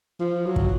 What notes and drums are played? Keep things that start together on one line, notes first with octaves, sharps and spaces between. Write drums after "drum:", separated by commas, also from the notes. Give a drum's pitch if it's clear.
F3
F#3
drum: kick